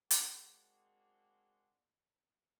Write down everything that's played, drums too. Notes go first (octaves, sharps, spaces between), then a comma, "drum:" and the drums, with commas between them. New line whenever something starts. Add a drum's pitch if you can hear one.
G#3 A#3 C4 D4 F#4, drum: hi-hat